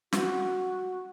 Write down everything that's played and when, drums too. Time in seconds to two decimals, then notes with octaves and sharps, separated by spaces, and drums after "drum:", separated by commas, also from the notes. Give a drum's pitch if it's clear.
0.13 F#4, drum: snare